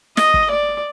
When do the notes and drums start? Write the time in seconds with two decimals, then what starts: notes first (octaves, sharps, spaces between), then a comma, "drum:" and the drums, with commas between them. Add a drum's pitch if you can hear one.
0.17 D#5, drum: snare
0.34 drum: kick
0.50 D5